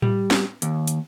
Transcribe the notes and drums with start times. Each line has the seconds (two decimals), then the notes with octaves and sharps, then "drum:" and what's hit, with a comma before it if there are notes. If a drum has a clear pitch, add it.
0.02 G3, drum: tom A2
0.31 drum: snare
0.62 D#2, drum: hi-hat
0.88 drum: hi-hat